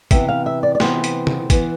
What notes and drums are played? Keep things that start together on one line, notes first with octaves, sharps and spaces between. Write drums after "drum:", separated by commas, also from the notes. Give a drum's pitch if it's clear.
C3 E3 B3 E5, drum: kick, hi-hat
F5
E5
D5
D5
C3 E3 B3 C5, drum: snare
drum: hi-hat
drum: tom
E3 B3, drum: kick, hi-hat